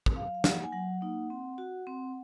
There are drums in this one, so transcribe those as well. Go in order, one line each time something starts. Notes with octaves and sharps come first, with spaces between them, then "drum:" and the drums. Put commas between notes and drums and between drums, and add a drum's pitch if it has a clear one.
drum: kick
F#3 F5
F5
A#3 D#4 F#5, drum: snare
G#5
F#3 F#5
A#3 D#4
C4
F#4
C4